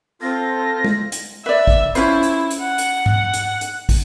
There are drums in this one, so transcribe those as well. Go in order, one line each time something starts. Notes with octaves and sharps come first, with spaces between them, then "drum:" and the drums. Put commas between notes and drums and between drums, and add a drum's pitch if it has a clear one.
C4 F4 A4 A#6
drum: tom
drum: hi-hat
B4 D5 E5
drum: kick
C#4 E4 F4 C5, drum: hi-hat
drum: hi-hat
drum: hi-hat
F#5
drum: hi-hat
drum: tom G#2
drum: hi-hat
drum: hi-hat
drum: kick, open hi-hat